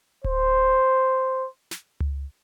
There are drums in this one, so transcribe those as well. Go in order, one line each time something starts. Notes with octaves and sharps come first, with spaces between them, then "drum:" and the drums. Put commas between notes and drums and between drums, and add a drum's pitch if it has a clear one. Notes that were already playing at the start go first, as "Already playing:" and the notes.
C5, drum: kick D1
drum: snare
drum: tom C#2